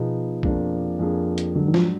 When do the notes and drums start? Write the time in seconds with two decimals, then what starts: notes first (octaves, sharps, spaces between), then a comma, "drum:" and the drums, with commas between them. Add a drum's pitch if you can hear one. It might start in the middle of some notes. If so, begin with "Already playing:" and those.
Already playing: B2 F3 B3 D#4 G#4
0.43 F2 F3 A#3 D4 G#4, drum: kick B1
0.99 F2 F3 A#3 D4 G#4
1.38 drum: hi-hat
1.55 G#2 D3 F#3 D4
1.68 D#3
1.74 F3, drum: snare